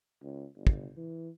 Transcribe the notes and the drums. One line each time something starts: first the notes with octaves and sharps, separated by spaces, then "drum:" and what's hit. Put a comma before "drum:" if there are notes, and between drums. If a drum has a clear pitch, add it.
C#2
G1
drum: kick
E3